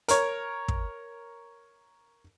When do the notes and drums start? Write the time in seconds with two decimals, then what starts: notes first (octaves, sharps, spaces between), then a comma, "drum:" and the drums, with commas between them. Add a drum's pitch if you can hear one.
0.08 A#4 C#5, drum: hi-hat
0.68 drum: kick